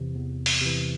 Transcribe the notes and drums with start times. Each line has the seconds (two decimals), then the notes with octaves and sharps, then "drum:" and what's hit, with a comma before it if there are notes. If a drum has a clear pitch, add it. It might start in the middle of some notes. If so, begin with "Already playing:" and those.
Already playing: E2 C3 E3
0.16 E2
0.46 drum: open hi-hat
0.61 C3 E3